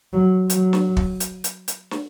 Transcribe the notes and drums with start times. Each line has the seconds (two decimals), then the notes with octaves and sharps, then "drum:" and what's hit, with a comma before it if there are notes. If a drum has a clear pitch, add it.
0.13 F#3
0.50 F#3, drum: hi-hat
0.73 drum: snare
0.97 drum: kick
1.20 drum: hi-hat
1.44 drum: hi-hat
1.68 drum: hi-hat
1.91 drum: snare